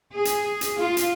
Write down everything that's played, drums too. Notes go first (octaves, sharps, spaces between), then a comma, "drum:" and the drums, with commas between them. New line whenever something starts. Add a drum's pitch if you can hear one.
G#4
drum: hi-hat
drum: hi-hat
F4
drum: hi-hat